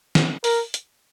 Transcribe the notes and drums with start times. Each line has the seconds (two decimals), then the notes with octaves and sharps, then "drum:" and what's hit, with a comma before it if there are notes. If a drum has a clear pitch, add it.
0.15 drum: snare
0.44 A#4, drum: open hi-hat
0.74 drum: hi-hat